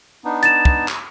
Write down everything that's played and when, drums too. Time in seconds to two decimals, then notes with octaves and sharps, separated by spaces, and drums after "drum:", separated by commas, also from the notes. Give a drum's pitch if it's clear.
0.25 B3 D4 D#4
0.43 A6 E7, drum: hi-hat
0.65 drum: kick
0.88 drum: clap